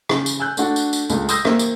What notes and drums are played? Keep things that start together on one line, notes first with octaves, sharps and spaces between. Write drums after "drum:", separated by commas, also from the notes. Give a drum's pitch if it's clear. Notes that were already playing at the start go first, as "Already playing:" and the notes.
C#3, drum: rim click
drum: tambourine
G#5 E6 F#6 G6
A3 D4 F#4 A4, drum: tambourine
drum: tambourine
drum: tambourine
C#2 A3, drum: tambourine
C6 D#6 E6 G6 A#6, drum: tambourine
A#3 C4 E5, drum: rim click
drum: tambourine